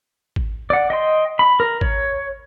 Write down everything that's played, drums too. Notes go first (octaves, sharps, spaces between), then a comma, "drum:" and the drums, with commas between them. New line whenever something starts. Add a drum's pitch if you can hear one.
drum: kick
D5 F#5
D#5 G5 C6
B5
A#4
C#5, drum: kick